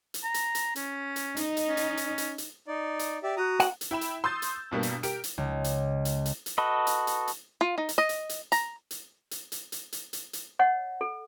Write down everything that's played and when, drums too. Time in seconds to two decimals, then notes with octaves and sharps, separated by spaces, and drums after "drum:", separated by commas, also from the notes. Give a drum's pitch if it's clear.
0.14 drum: hi-hat
0.24 A#5
0.34 drum: hi-hat
0.55 drum: hi-hat
0.76 C#4, drum: hi-hat
1.16 drum: hi-hat
1.37 D#4, drum: hi-hat
1.57 drum: hi-hat
1.67 C#4
1.77 drum: hi-hat
1.97 drum: hi-hat
2.18 drum: hi-hat
2.38 drum: hi-hat
2.68 D#4 D5
2.99 drum: hi-hat
3.23 G4 D5 E5
3.37 F#4 A#5 D#6
3.60 F#5, drum: hi-hat
3.81 drum: hi-hat
3.91 E4 G5 B5 E7
4.01 drum: hi-hat
4.24 C6 D#6 E6 G6 A6
4.42 drum: hi-hat
4.71 G2 B2 G3 A#3
4.83 drum: hi-hat
5.03 G4 A#4 D7, drum: hi-hat
5.24 drum: hi-hat
5.38 C#2
5.64 drum: hi-hat
6.05 drum: hi-hat
6.26 drum: hi-hat
6.46 drum: hi-hat
6.58 F#4 A4 B4 D#5
6.87 drum: hi-hat
7.07 drum: hi-hat
7.27 drum: hi-hat
7.61 F4
7.78 D#4
7.89 drum: hi-hat
7.98 D#5
8.09 drum: hi-hat
8.29 drum: hi-hat
8.52 A#5, drum: hi-hat
8.91 drum: hi-hat
9.31 drum: hi-hat
9.52 drum: hi-hat
9.72 drum: hi-hat
9.92 drum: hi-hat
10.13 drum: hi-hat
10.33 drum: hi-hat
10.59 C#5 D#5 F#5
11.01 A4